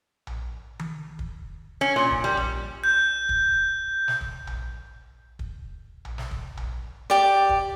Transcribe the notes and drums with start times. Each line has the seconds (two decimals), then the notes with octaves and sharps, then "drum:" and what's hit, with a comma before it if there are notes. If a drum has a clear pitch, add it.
0.27 drum: tom A#1
0.79 drum: tom D#3
1.19 drum: kick
1.81 C#4
1.96 A#2, drum: snare
2.11 drum: kick
2.24 G3
2.37 drum: tom A#1
2.84 G6
3.29 drum: kick
4.08 drum: snare
4.21 drum: kick
4.47 drum: tom A#1
5.39 drum: kick
6.05 drum: tom A#1
6.18 drum: snare
6.31 drum: kick
6.57 drum: tom A#1
7.10 G4 D5
7.49 drum: kick